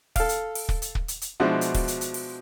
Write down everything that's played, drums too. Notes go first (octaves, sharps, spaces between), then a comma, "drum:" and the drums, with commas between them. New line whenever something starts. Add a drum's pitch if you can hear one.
A4 F5, drum: kick, open hi-hat
drum: hi-hat
drum: open hi-hat
drum: kick
drum: hi-hat
drum: kick
drum: hi-hat
drum: hi-hat
B2 F3 G#3 D4 E4 F#4
drum: hi-hat
drum: kick, open hi-hat
drum: hi-hat
drum: hi-hat
drum: open hi-hat